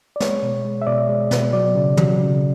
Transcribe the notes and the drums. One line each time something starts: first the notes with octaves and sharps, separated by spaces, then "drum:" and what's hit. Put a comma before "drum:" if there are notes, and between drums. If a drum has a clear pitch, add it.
D5
G#3 C#5, drum: snare
B2
G#3
E5
B2 D5
G#3
B2, drum: snare
F#3 D5
C#3
F#3, drum: tom
C#3